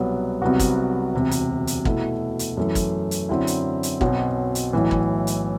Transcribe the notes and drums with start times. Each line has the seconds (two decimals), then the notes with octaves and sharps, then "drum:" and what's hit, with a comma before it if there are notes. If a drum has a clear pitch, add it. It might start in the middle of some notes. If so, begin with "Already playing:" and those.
Already playing: C2 B2 F#3 B3
0.42 C2 C3 F#3 B3 F#4
0.59 drum: kick, hi-hat
1.14 E1 D2 C3
1.31 drum: hi-hat
1.67 drum: hi-hat
1.85 B2 A3 E4, drum: kick
2.39 drum: hi-hat
2.57 F#2 E3 A3
2.75 drum: kick, hi-hat
3.11 drum: hi-hat
3.29 F#2 D3 F#3 C4 E4
3.47 drum: hi-hat
3.83 drum: hi-hat
4.01 B1 B2 F#3 C4, drum: kick
4.55 drum: hi-hat
4.73 B1 A2 E3
4.91 drum: kick
5.27 drum: hi-hat